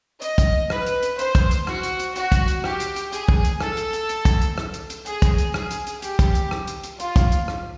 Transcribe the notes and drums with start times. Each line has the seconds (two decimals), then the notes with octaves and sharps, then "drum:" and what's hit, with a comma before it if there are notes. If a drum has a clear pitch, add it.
0.22 D#5, drum: hi-hat
0.38 drum: kick, hi-hat
0.70 B4, drum: rim click
0.86 drum: hi-hat
1.03 drum: hi-hat
1.19 C5, drum: hi-hat
1.35 drum: kick, hi-hat
1.51 drum: hi-hat
1.67 F#4, drum: rim click
1.83 drum: hi-hat
1.99 drum: hi-hat
2.16 F#4, drum: hi-hat
2.32 drum: kick, hi-hat
2.48 drum: hi-hat
2.64 G4, drum: rim click
2.80 drum: hi-hat
2.96 drum: hi-hat
3.12 G#4, drum: hi-hat
3.29 drum: kick
3.45 drum: hi-hat
3.60 A4, drum: rim click
3.77 drum: hi-hat
3.93 drum: hi-hat
4.09 drum: hi-hat
4.25 drum: kick, hi-hat
4.41 drum: hi-hat
4.58 drum: rim click
4.74 drum: hi-hat
4.90 drum: hi-hat
5.06 G#4, drum: hi-hat
5.22 drum: kick, hi-hat
5.38 drum: hi-hat
5.54 G#4, drum: rim click
5.71 drum: hi-hat
5.87 drum: hi-hat
6.02 G4, drum: hi-hat
6.19 drum: kick, hi-hat
6.35 drum: hi-hat
6.51 drum: rim click
6.67 drum: hi-hat
6.84 drum: hi-hat
7.00 F4, drum: hi-hat
7.16 drum: kick, hi-hat
7.32 drum: hi-hat
7.48 drum: rim click